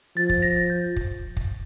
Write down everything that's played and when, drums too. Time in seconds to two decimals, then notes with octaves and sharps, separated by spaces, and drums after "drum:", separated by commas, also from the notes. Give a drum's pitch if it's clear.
0.16 F3 A6
0.29 A6, drum: kick
0.42 A#6
0.56 A6
0.70 G6
0.96 drum: kick
1.37 drum: kick